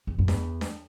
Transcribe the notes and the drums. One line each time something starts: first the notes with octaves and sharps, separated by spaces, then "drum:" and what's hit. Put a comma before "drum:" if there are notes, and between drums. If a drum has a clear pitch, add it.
E2
F#2
E2, drum: snare D4
drum: snare D4